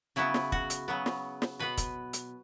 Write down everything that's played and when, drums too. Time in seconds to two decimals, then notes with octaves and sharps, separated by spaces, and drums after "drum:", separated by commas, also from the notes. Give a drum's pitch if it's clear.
0.16 C#3 F#3 B3 E4
0.34 drum: snare
0.52 F#4, drum: kick
0.70 drum: hi-hat
0.88 C#3 F#3 B3
1.06 drum: snare
1.42 drum: snare
1.59 B2 B3 B4
1.78 drum: kick, hi-hat
2.13 drum: hi-hat